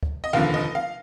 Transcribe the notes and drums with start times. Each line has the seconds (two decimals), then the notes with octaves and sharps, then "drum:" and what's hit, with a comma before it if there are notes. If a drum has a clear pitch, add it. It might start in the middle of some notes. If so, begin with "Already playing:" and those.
0.03 drum: kick C#2
0.24 D#5
0.33 F1 D#2 D3 F3 F5
0.54 D#5
0.75 F5